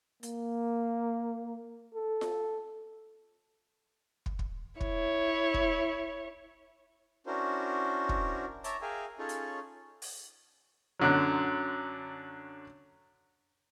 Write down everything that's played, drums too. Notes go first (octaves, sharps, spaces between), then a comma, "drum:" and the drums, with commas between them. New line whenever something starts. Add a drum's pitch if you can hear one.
A#3, drum: hi-hat
A4
drum: snare F4
drum: kick
drum: kick
E4 C#5, drum: kick
drum: kick
C#4 D4 E4 F#4 A#4 C5
drum: kick
C#5 E5 A5 A#5 D6, drum: hi-hat
G#4 A#4 E5 F5 G5 G#5
C#4 D#4 F4 G#4 A4 C#5
drum: hi-hat
drum: open hi-hat
F#2 D3 F#3